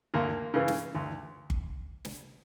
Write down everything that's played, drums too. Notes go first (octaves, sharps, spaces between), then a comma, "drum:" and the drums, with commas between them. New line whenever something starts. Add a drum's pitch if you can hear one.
D2 A#3
C#3 E3
drum: snare
D2
drum: kick G1
drum: snare